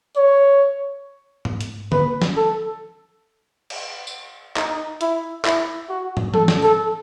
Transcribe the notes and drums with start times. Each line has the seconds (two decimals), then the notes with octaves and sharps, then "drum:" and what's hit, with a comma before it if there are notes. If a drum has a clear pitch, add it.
0.16 C#5
1.45 drum: tom G#2
1.61 drum: hi-hat
1.92 B4, drum: tom D3
2.22 drum: snare
2.36 A4
3.70 drum: cymbal
4.07 drum: tambourine
4.57 D#4, drum: clap
5.01 E4, drum: hi-hat
5.45 E4, drum: clap
5.89 F#4
6.17 drum: tom
6.34 A4, drum: tom E3
6.48 drum: snare
6.63 A4